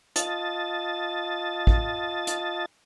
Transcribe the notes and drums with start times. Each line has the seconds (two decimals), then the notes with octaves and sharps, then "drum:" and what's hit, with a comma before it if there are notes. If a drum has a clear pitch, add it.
0.16 F4 D#5 A5 A6, drum: hi-hat
1.67 drum: kick A1
2.27 drum: hi-hat